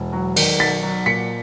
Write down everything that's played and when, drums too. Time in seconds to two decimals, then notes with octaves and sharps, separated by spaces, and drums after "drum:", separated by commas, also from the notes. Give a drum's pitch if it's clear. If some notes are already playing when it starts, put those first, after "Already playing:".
Already playing: E1
0.13 F#3
0.36 D#3, drum: cymbal
0.60 B1 A6 B6
0.83 F#3
1.06 A#2 B6 C#7